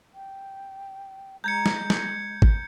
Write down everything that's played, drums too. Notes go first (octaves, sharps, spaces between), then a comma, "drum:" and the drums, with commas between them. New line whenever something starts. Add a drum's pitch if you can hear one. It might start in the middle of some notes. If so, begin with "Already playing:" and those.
G5
G#3 A#5 G6 G#6 C#7
drum: snare
drum: snare
drum: kick G#1